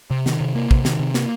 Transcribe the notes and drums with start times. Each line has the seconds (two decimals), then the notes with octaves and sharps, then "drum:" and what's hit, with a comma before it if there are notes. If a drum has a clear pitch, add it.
0.11 C3
0.26 D#3, drum: snare
0.40 C3
0.55 A#3
0.71 C3, drum: kick
0.85 D#3, drum: snare
0.99 C3
1.14 A#3, drum: snare